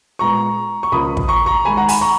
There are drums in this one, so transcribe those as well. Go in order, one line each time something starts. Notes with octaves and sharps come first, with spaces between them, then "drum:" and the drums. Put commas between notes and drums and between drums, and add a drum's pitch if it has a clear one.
A#2 G#3 B3 A#5 C#6
C#6
C#2 C#3 F3 A#3 B5 D#6
drum: kick
A#5 C#6
A#5 C#6
D#2 D#3 G#3 G#5 B5
F#5 A#5
G#5 B5, drum: open hi-hat
A#5 C#6